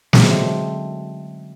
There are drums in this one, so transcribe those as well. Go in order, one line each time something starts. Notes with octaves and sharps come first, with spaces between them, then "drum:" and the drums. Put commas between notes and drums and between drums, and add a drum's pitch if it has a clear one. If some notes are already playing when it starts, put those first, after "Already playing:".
D3 F#3 G#3 A3 C4, drum: snare